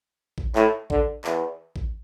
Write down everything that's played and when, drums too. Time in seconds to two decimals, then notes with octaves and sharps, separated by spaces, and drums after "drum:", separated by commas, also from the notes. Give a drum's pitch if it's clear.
0.38 drum: kick A1
0.55 A2, drum: clap
0.90 D3, drum: kick A1
1.24 E2, drum: clap
1.76 drum: kick A1